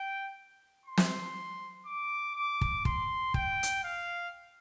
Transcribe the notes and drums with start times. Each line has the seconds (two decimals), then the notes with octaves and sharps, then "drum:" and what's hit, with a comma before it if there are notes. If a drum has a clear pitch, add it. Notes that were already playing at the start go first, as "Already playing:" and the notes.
Already playing: G5
0.86 C6
0.97 drum: snare
1.86 D6
2.35 D6
2.61 drum: kick
2.85 C6, drum: kick
3.34 G5, drum: kick
3.63 drum: hi-hat
3.84 F5